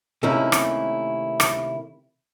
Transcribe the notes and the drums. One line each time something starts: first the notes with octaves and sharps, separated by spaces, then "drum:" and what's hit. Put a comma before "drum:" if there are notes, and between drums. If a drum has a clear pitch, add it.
C3 D#3 A3 A#3 C#4 E4
drum: rim click
drum: rim click